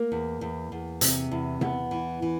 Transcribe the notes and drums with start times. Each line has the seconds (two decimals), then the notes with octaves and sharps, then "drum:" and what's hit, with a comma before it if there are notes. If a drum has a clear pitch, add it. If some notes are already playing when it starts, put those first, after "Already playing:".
Already playing: A#3
0.12 E2
0.41 E2
0.72 E2
1.01 C3, drum: hi-hat
1.31 E2
1.61 E2 B3, drum: tom C3
1.91 E3
2.22 E3